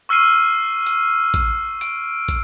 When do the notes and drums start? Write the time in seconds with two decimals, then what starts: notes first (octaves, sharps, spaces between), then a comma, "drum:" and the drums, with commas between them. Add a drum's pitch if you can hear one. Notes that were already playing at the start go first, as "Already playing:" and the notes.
0.09 C#6 E6 F6 C7 D#7
0.86 drum: hi-hat
1.34 drum: kick, hi-hat
1.81 D7, drum: hi-hat
2.29 drum: kick, hi-hat